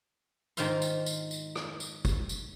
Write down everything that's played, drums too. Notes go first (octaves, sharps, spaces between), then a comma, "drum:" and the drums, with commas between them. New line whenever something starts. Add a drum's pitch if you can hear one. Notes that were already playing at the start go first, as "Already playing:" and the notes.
G#2 D#3 F4 C5 F5 C6, drum: tambourine
drum: tambourine
drum: tambourine
drum: tambourine
drum: rim click
drum: tambourine
drum: kick, tambourine
drum: tambourine